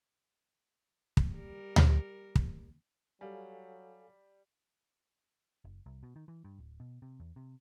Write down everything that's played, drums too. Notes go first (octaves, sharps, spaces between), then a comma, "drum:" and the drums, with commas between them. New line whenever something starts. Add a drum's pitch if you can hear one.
drum: kick
G3 A#4
drum: tom D2
drum: kick
F#3 G3 A4 F5 G#5
F#1
C2
B2
D#3
E3
G2
D1
B2
C3
E2
C3